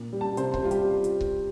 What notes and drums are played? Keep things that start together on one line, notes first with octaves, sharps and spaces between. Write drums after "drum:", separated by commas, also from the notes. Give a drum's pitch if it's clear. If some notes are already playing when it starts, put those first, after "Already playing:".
Already playing: A#2
G3
A5
C3 C5, drum: hi-hat
C5, drum: kick C#1
G3 F4
G4, drum: hi-hat
drum: hi-hat
drum: kick C#1